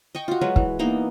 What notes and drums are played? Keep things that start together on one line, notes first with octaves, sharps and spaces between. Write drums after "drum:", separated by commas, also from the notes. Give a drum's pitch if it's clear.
D#5 G5 C#6
F4 F#4
F#3 G#3 B4
E3, drum: kick
E3 A#3 B3 D#4